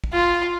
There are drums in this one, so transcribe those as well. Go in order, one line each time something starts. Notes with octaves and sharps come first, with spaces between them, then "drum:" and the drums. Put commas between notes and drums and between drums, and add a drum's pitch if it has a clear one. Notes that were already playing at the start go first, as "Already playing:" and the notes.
drum: kick
F4